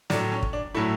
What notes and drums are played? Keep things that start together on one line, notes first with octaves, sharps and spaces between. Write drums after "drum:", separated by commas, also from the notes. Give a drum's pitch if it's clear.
A2 F#3 A3 D4, drum: snare
C#4
drum: kick
D4
A2 F#3 A3 E4